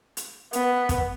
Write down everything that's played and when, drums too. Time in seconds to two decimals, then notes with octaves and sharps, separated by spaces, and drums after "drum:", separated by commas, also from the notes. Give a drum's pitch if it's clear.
0.17 drum: hi-hat
0.53 B3, drum: hi-hat
0.89 drum: kick, hi-hat